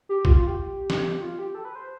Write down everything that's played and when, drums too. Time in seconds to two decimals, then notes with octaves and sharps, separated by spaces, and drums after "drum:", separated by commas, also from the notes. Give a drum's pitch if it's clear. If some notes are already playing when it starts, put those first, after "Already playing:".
0.09 G4
0.25 F4, drum: kick A#1
0.36 F4
0.47 G4
0.90 drum: snare
1.21 F4
1.39 G4
1.55 A4
1.65 B4
1.76 C5